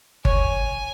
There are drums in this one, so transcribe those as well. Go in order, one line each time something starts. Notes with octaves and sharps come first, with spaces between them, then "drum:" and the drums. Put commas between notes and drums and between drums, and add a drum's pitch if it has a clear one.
C#5 G#5, drum: kick G1